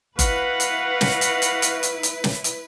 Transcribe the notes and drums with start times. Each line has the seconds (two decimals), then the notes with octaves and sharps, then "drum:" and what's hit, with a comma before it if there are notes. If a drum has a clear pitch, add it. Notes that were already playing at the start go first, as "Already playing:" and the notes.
0.19 E4 F#4 B4 F5 F#5 B5, drum: kick F#1, hi-hat
0.60 drum: hi-hat
1.01 drum: snare
1.21 drum: hi-hat
1.42 drum: hi-hat
1.62 drum: hi-hat
1.83 drum: hi-hat
2.03 drum: hi-hat
2.24 drum: snare
2.44 drum: hi-hat